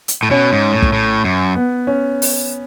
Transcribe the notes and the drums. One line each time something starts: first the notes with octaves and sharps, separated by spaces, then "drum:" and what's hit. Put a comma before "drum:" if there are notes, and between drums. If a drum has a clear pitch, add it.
drum: hi-hat
A2
B2 C#4
G#2
A2
drum: kick
A2
F#2
B3
C#4
drum: open hi-hat